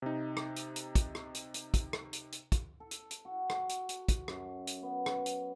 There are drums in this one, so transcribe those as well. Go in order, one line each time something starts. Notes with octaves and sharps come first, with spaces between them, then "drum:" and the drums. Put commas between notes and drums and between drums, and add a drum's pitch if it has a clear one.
C3 D#4
drum: rim click
drum: hi-hat
drum: hi-hat
drum: kick, hi-hat
drum: rim click
drum: hi-hat
drum: hi-hat
drum: kick, hi-hat
drum: rim click
drum: hi-hat
drum: hi-hat
drum: kick, hi-hat
A4
drum: hi-hat
drum: hi-hat
F#4
drum: rim click
drum: hi-hat
drum: hi-hat
drum: kick, hi-hat
F#2, drum: rim click
drum: hi-hat
B3
drum: rim click
drum: hi-hat